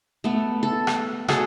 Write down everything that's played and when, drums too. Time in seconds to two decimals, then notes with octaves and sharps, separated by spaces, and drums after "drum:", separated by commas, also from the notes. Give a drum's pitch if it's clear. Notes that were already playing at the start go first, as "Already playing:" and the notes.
0.24 A3 B3
0.63 A4
0.87 drum: rim click
1.28 F#4 G#4 A4 C#5, drum: rim click